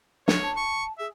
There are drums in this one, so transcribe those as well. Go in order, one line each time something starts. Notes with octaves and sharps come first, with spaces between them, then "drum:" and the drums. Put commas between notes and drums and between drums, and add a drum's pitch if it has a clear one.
D4 C#5, drum: snare
A5
C#6
G#4 E5